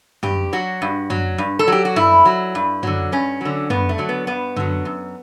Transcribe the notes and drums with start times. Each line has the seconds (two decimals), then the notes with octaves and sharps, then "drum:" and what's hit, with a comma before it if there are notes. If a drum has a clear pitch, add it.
0.23 G2 G4, drum: tom
0.53 F#3 F#4
0.82 G2
1.10 F#3, drum: tom
1.38 G2
1.59 A4
1.68 F#3 G4
1.85 F#4
1.96 G2 E4, drum: tom
2.25 F#3
2.55 G2
2.83 D3 F#3, drum: tom
3.12 G2 C#4
3.41 D3 F#3
3.70 G2 B3, drum: tom
3.89 A3
3.98 D3 F#3
4.09 B3
4.27 G2 B3
4.56 D3 F#3, drum: tom
4.85 F#2